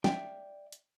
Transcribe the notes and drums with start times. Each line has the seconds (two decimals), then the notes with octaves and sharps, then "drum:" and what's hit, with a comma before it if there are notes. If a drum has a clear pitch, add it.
0.04 D5 E5 G5, drum: snare
0.72 drum: hi-hat